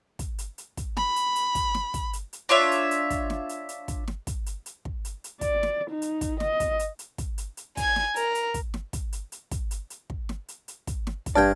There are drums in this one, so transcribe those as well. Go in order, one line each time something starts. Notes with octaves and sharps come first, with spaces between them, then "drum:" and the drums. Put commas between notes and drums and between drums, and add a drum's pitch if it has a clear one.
drum: kick, hi-hat
drum: hi-hat
drum: hi-hat
drum: kick, hi-hat
B5, drum: snare
drum: hi-hat
drum: hi-hat
drum: kick, hi-hat
drum: snare
drum: kick, hi-hat
drum: hi-hat
drum: hi-hat
D4 F4 C#5 E5
drum: hi-hat
drum: hi-hat
drum: kick, hi-hat
drum: snare
drum: hi-hat
drum: hi-hat
drum: kick, hi-hat
drum: snare
drum: kick, hi-hat
drum: hi-hat
drum: hi-hat
drum: kick
drum: hi-hat
drum: hi-hat
D5, drum: kick, hi-hat
drum: snare
D#4
drum: hi-hat
drum: kick, hi-hat
D#5, drum: snare
drum: kick, hi-hat
drum: hi-hat
drum: hi-hat
drum: kick, hi-hat
drum: hi-hat
drum: hi-hat
G#5 G#6, drum: kick, hi-hat
drum: snare
A#4, drum: hi-hat
drum: hi-hat
drum: kick, hi-hat
drum: snare
drum: kick, hi-hat
drum: hi-hat
drum: hi-hat
drum: kick, hi-hat
drum: hi-hat
drum: hi-hat
drum: kick
drum: snare
drum: hi-hat
drum: hi-hat
drum: kick, hi-hat
drum: snare
drum: kick, hi-hat
G2 D5 G5 A5 F6 G#6